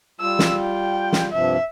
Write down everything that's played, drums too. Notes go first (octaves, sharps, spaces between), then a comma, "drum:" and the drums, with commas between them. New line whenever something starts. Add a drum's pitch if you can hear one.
G3 F4 E6
drum: snare
G5
drum: snare
G2 C3 F3 E5